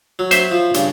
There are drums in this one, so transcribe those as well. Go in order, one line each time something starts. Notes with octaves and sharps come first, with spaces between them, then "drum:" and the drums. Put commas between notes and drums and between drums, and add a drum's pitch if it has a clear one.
F#3
C5 E5, drum: hi-hat
F3
G2 C#3, drum: hi-hat